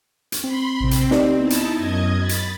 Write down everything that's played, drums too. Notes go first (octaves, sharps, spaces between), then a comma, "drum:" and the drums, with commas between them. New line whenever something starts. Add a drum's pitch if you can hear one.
drum: hi-hat
C4 B5 C6
A1 C3 C4
drum: hi-hat
D#4 G4 D5, drum: snare
B3 D#4 E4 A5
drum: hi-hat
F#2 D#5 G#6
B5 A6
drum: hi-hat